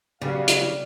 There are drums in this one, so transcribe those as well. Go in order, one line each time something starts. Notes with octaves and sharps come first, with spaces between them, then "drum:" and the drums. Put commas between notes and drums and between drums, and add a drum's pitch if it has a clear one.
C#3 F#3 B3 G4 D5 F5
drum: hi-hat